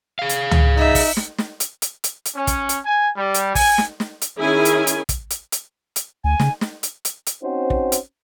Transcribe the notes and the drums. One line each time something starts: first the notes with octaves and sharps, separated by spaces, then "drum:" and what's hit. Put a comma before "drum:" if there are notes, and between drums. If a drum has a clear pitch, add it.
G#4 F5
drum: hi-hat
drum: tom C#2
D#4 E5
drum: kick, open hi-hat
drum: snare
drum: snare
drum: hi-hat
drum: hi-hat
drum: hi-hat
drum: hi-hat
C#4
drum: kick, hi-hat
drum: hi-hat
G#5
G3
drum: hi-hat
G#5, drum: kick, open hi-hat
drum: snare
drum: snare
drum: hi-hat
D#3 C#4 E4 G#4 G#5
drum: hi-hat
drum: hi-hat
drum: kick, hi-hat
drum: hi-hat
drum: hi-hat
drum: hi-hat
D2 G#5
C#3, drum: snare
drum: snare
drum: hi-hat
drum: hi-hat
drum: hi-hat
C4 C#4 D#4 F#4 C5
drum: kick
drum: hi-hat